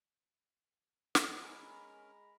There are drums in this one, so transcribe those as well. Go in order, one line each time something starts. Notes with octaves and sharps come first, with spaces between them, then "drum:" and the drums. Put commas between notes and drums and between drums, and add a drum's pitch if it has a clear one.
D#5, drum: snare
G#3 C#4 A#4 A#5 B5